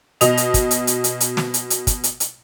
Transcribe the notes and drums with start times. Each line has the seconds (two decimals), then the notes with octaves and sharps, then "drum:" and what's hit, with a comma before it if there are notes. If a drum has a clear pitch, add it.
0.21 B2 D#5 F7, drum: hi-hat
0.37 drum: hi-hat
0.54 drum: kick, hi-hat
0.71 drum: hi-hat
0.87 drum: hi-hat
1.04 drum: hi-hat
1.20 drum: hi-hat
1.37 drum: snare
1.54 drum: hi-hat
1.70 drum: hi-hat
1.87 drum: kick, hi-hat
2.04 drum: hi-hat
2.20 drum: hi-hat